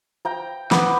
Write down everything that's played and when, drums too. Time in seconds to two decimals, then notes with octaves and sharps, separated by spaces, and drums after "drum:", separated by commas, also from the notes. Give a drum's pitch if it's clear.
0.25 G5 A#5
0.71 B3 B5 D6, drum: snare